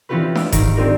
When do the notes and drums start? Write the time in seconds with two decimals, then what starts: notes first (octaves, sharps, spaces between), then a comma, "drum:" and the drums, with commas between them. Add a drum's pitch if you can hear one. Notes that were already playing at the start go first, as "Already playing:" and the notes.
0.09 E3 C4 C#4 F4 G4 B4
0.35 F5 D6 E6, drum: snare D4
0.52 G#2 D#3 D#4 A#5 D7, drum: kick F1, hi-hat
0.76 C4 D4 F4 G4 A#4 D5